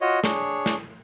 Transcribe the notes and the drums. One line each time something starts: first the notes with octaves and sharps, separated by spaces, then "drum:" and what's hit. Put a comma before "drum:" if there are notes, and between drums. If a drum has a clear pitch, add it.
F4 F#4 C#5 D#5
D4 G#4 C#5, drum: snare
drum: snare